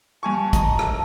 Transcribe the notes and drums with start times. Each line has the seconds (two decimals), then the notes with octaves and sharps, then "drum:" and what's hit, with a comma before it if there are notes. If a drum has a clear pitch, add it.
0.23 G2 G#5 A5 C#6
0.53 D#5 A#5, drum: kick, hi-hat
0.79 drum: rim click